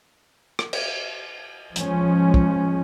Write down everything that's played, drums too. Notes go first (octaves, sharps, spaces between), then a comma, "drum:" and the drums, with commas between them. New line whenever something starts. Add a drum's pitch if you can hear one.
drum: rim click
drum: cymbal
F3 G#3 C#4, drum: hi-hat
drum: kick